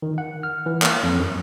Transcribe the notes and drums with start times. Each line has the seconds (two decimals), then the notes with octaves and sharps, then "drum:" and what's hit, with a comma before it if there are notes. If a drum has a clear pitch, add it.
0.02 D#3
0.18 F#5
0.43 F6
0.66 E3
0.82 A#3, drum: clap
1.03 F2
1.19 F#2